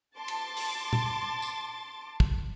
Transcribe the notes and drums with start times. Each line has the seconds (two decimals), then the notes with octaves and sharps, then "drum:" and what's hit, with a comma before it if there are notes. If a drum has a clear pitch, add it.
0.18 A5 C6 D6 A6
0.28 drum: cymbal
0.57 drum: open hi-hat
0.93 drum: tom A#2
1.42 drum: tambourine
2.20 drum: kick